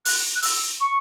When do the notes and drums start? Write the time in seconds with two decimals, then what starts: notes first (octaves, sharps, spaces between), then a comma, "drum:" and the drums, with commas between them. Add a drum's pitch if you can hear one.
0.05 F#6, drum: open hi-hat
0.35 F#6
0.42 E6, drum: open hi-hat
0.80 C#6